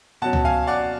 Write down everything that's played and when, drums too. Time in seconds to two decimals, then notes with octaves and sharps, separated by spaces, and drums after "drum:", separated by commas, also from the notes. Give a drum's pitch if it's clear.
0.22 B2 F#3 C#4 F#5 A5
0.33 drum: tom C#2
0.45 F5 G#5
0.67 D5 F#5